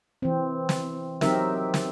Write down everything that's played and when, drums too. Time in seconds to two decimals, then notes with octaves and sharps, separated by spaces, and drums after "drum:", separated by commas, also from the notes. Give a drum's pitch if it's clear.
0.22 E3 C4
0.69 drum: snare
1.21 F#3 C4 D#4 G4 A#4 E5, drum: snare
1.74 drum: snare